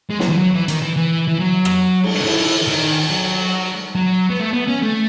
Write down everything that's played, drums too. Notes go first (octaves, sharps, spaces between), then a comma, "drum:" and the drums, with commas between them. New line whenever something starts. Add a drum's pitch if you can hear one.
G#3
F#3, drum: snare
E3
F#3
E3
D#3, drum: hi-hat
E3
E3
E3
F#3
drum: rim click
drum: cymbal
E3, drum: cymbal
D#3
F#3
F#3
B3
A3
B3
C#4
A3